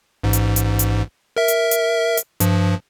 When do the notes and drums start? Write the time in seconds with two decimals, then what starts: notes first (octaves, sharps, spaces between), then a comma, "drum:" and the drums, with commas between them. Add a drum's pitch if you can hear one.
0.24 A1 G#2
0.33 drum: hi-hat
0.56 drum: hi-hat
0.79 drum: hi-hat
1.36 A#4 E5
1.48 drum: hi-hat
1.71 drum: hi-hat
2.17 drum: hi-hat
2.40 G2 F3, drum: hi-hat